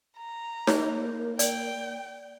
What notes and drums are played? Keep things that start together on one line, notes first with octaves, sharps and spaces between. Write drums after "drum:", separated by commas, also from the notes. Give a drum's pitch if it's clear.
A#5
A#3 G#4 C#5, drum: snare D#4
D5 G5, drum: hi-hat